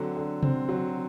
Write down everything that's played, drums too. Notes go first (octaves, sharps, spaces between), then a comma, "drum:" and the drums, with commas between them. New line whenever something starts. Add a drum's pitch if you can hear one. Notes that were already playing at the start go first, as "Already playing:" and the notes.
Already playing: D3 F#3 C4
D3
C4, drum: tom C3
F#3